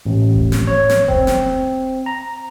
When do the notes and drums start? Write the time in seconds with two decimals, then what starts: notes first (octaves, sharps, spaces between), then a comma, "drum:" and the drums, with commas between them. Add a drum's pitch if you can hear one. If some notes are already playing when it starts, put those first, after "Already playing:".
0.06 A1
0.33 drum: kick F1
0.52 drum: snare
0.67 C#5
0.89 drum: snare
1.08 C4, drum: kick F1
1.27 drum: snare
2.06 A#5